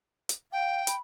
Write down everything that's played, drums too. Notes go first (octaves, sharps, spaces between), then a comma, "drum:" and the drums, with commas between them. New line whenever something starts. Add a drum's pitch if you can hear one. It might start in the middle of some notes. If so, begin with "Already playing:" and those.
drum: hi-hat
F5 G5
B5, drum: hi-hat